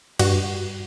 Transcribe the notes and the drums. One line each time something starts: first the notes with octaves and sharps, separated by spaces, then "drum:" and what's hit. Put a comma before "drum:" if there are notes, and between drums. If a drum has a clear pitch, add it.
G2 F#4, drum: cymbal